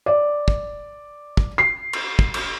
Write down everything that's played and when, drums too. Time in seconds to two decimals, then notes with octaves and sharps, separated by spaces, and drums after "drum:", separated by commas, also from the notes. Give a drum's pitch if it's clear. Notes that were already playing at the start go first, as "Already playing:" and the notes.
0.06 D5
0.48 drum: kick
1.37 drum: kick
1.58 C7
1.93 drum: cymbal
2.19 drum: kick
2.34 drum: cymbal